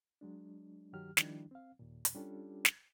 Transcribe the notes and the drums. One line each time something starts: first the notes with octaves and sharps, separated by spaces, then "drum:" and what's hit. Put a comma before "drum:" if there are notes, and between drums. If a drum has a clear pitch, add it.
F#3 G#3 D4
G2 D#3 F#3 G4 F6
D#3 F3 G3 D4 E4, drum: snare
C4 F5
D#2 A#2
drum: hi-hat
G3 C#4 D4 F4 G4 A4
drum: snare